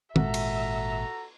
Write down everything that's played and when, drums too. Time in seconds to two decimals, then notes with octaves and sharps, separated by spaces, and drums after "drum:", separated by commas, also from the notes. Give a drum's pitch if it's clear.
0.16 G#1 A#2 G#3 F#4 A4 E5 A#5, drum: tom
0.34 drum: cymbal